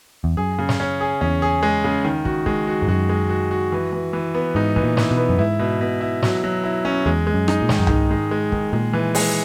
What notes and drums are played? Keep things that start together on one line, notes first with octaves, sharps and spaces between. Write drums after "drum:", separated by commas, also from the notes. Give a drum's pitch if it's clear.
E2
F#2 G#4
C#3
drum: snare
C#4
G#4
E2 C#4
G#4
G#3
C#3
D#3
F#4, drum: kick
G#3, drum: kick
F#4
G#2
F#2 F#4
G#3
F#4
F#4
E3
E3
E3
B3
G#2 D#4
E3, drum: kick
A#2
E3, drum: snare
B2
B3
F#2
G#2 E4
B2
B2
E4
F#3, drum: snare
F#3
E4
C#4
E2 G#3
G#3
F#2
D#4, drum: rim click
A#2
G#2 D#3, drum: snare
F#2
G#2 D#3, drum: tom C2
G#3
G#3
D#3, drum: kick
A#2 G#3
E3
G#3, drum: open hi-hat